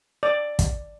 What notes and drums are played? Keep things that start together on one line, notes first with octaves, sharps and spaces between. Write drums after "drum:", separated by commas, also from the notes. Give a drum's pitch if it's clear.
D5
drum: kick, hi-hat